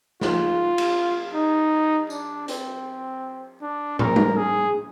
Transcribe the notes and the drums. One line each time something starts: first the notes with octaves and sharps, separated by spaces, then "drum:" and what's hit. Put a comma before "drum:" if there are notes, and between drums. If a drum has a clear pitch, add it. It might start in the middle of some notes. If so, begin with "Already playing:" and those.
F4, drum: snare
drum: cymbal
D#4
D4, drum: tambourine
C4, drum: hi-hat
D4
A#4, drum: tom
drum: tom G3
G#4